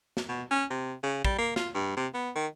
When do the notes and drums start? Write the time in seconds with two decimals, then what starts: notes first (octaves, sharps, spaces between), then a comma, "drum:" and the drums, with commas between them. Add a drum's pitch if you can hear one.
0.17 drum: snare
0.29 B2
0.51 C#4
0.70 C3
1.03 C#3
1.25 G3, drum: kick
1.39 A#3
1.56 F4, drum: snare
1.74 G2
1.97 C3
2.14 B3
2.36 D#3